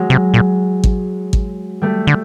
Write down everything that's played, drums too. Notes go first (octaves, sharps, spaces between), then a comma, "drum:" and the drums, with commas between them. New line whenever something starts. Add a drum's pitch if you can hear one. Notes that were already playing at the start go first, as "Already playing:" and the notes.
Already playing: F#3 G#3
C3
A#2
drum: kick
drum: kick
G3 A3
D3